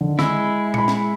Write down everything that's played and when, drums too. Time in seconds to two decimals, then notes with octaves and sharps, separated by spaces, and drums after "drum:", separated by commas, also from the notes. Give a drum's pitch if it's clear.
0.01 D3 D#3
0.19 G#3 E4 E6, drum: snare
0.74 B5 C#7, drum: tom A#2
0.88 drum: snare